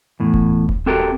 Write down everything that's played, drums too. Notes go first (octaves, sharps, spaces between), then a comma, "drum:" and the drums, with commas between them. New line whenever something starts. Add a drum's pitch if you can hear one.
E2 A2
drum: kick D#1
drum: kick D#1
C4 F#4 G4 A4 A#4